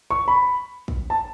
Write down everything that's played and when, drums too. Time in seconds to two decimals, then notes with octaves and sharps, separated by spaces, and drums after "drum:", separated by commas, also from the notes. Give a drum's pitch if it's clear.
0.11 C#6
0.28 B5
0.88 drum: kick
1.10 A5